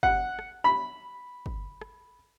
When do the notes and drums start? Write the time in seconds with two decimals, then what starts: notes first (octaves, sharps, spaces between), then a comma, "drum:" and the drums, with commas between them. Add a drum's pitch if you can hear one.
0.03 F#5, drum: kick
0.39 drum: rim click
0.64 B5
1.46 drum: kick
1.81 drum: rim click